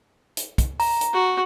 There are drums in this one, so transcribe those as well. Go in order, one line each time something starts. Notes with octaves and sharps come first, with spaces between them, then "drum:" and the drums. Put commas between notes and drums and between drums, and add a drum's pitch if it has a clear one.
drum: hi-hat
drum: kick, hi-hat
A#5, drum: open hi-hat
drum: hi-hat
F#4